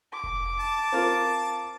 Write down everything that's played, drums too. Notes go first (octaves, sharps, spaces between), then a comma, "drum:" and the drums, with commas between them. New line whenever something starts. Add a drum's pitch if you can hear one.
D6
drum: kick F1
A5
C4 F4 A#4